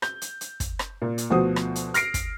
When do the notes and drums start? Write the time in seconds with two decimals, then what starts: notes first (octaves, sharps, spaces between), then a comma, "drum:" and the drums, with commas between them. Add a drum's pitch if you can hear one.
0.02 G6, drum: rim click
0.22 drum: hi-hat
0.41 drum: hi-hat
0.60 drum: kick, hi-hat
0.79 drum: rim click
1.02 A#2
1.18 drum: hi-hat
1.30 D2 B2 F3 F#4 C5 D#6
1.56 drum: rim click
1.76 drum: hi-hat
1.94 F6 A#6 C7 D7, drum: hi-hat
2.14 drum: kick, hi-hat